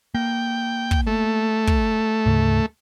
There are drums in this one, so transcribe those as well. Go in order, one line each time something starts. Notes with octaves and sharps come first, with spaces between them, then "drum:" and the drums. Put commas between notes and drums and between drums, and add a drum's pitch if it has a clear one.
A#3 G5
drum: kick
A3
drum: kick
D2 G#2 C#3